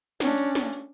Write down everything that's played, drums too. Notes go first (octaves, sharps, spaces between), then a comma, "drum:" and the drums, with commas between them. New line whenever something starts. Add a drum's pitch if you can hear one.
C#4 D4, drum: snare
drum: hi-hat
drum: snare
drum: hi-hat